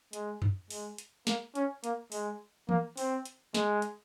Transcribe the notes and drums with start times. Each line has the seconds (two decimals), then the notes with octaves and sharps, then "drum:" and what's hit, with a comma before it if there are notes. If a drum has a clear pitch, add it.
0.13 G#3, drum: hi-hat
0.42 drum: tom F#2
0.70 G#3, drum: open hi-hat
0.98 drum: hi-hat
1.27 A#3, drum: snare
1.55 C#4, drum: hi-hat
1.84 A#3, drum: hi-hat
2.12 G#3, drum: open hi-hat
2.69 A#3, drum: tom
2.97 C4, drum: open hi-hat
3.25 drum: hi-hat
3.54 G#3, drum: snare
3.82 drum: hi-hat